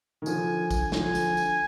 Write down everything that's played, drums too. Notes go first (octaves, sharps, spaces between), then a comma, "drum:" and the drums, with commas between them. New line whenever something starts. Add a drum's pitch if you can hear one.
D#3
D3 F3 G#5, drum: tambourine
drum: kick A1, tambourine
D3 F3 G#5, drum: snare
drum: tambourine
drum: tambourine